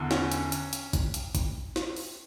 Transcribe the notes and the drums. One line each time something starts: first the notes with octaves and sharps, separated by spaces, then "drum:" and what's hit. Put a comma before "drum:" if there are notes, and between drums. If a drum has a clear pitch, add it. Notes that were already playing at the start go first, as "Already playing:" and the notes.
Already playing: E2 D3
C#4, drum: snare
drum: hi-hat
drum: hi-hat
drum: hi-hat
drum: kick G#1, hi-hat
drum: hi-hat
drum: kick G#1, hi-hat
drum: snare
drum: open hi-hat